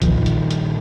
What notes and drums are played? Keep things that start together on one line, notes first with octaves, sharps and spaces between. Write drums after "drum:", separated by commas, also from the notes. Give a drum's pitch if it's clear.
A#2 D#3 F3, drum: kick A#1, hi-hat
drum: hi-hat
drum: hi-hat